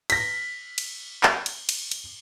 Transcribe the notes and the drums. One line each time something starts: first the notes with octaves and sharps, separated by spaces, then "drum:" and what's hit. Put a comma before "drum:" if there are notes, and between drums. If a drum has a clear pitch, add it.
A#6 B6, drum: cymbal
drum: cymbal
drum: clap
drum: cymbal
drum: cymbal
drum: cymbal